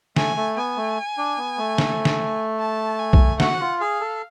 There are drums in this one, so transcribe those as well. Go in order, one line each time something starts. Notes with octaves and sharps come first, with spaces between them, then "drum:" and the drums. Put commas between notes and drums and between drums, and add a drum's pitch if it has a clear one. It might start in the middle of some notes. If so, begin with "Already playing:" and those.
A3 G#5, drum: snare
A3
B3 G#5
A3
D4
B3
A3
drum: snare
drum: snare
A5
G#5
drum: kick B1
F#4 F#5, drum: snare
F4
G#4 F5
A4